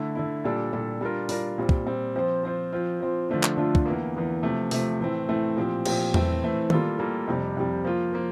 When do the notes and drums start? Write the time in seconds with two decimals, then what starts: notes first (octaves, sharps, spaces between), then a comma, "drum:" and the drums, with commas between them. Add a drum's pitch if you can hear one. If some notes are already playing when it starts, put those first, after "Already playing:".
Already playing: D3 A3 E4
0.15 D3 A3 E4
0.44 A#2 G3 D4 A4
0.73 A#2 G3 D4 A4
1.01 G3 D4 F4 A#4
1.29 G3 D4 F4 A#4, drum: open hi-hat
1.58 A#2 G3 C4
1.69 drum: kick
1.86 A#2 G3 C4
2.16 F3 C4 F4 C5
2.43 F3 C4 F4 C5
2.73 F3 C4 F4
3.00 F3 C4 F4
3.29 D3 F3 A3 D4 F4
3.43 drum: clap
3.57 D3 F3 A3 D4 F4
3.75 drum: kick
3.86 E2 E3 A#3
4.14 E2 E3 A#3
4.43 C3 F3 A3
4.71 C3 F3 A3, drum: open hi-hat
5.00 A2 E3 A3 C4
5.28 A2 E3 A3 C4
5.56 A#2 F3 C4 G4 C5
5.86 A#2 F3 C4 G4 C5, drum: cymbal
6.14 A2 E3 A3 C4, drum: tom E2
6.42 A2 E3 A3 C4
6.70 G3 A#3 F4 A4, drum: tom D#3
6.99 G3 A#3 F4 A4
7.28 F2 C3 G3
7.57 F2 C3 G3
7.84 F3 A#3 F4
8.13 F3 A#3